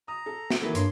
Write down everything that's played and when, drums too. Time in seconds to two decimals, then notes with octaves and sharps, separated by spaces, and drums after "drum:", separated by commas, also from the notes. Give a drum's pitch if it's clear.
0.08 A#5 D#6
0.26 A4
0.50 drum: snare
0.61 D#3 E3 F#3 A#3 A4 B4
0.75 G2 C#5 C6, drum: hi-hat